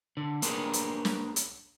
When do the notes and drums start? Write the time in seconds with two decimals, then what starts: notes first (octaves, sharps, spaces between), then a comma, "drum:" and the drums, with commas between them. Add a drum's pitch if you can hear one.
0.17 D3
0.42 A#3 D4 G4 G#4 A#4 B4, drum: hi-hat
0.73 drum: hi-hat
1.05 drum: snare
1.36 drum: hi-hat